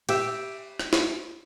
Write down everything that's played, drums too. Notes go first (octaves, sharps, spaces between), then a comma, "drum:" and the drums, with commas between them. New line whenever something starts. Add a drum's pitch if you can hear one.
G4 E5, drum: cymbal
drum: rim click
drum: snare